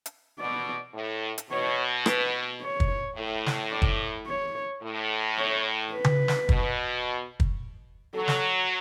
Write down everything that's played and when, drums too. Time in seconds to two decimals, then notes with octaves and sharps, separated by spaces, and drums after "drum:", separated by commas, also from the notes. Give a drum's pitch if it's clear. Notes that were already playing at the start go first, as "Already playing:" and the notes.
0.06 drum: hi-hat
0.39 B2 D5
0.94 A2
1.38 drum: hi-hat
1.50 B2 C#5
2.06 B4, drum: rim click
2.62 C#5
2.80 drum: kick
3.16 A2
3.46 drum: snare
3.72 D5
3.82 drum: kick
4.27 C#5
4.83 A2
5.37 C#5
5.93 B4
6.04 drum: tom C#3
6.28 drum: snare
6.49 B2, drum: kick
7.40 drum: kick
8.14 F#3 A4
8.28 drum: snare